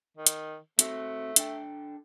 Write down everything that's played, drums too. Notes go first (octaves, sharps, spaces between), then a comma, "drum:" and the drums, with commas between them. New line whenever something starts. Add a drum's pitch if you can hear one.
D#3
drum: hi-hat
A3 C4 D#4 F#4, drum: hi-hat
D4 A4 G5, drum: hi-hat